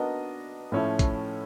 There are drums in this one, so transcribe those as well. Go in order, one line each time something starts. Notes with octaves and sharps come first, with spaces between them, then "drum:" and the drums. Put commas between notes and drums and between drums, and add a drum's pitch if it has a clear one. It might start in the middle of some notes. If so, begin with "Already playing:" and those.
Already playing: B3 D4 F#4 A#4 D#5
A2 F3 A3 C#4 E4
drum: kick, hi-hat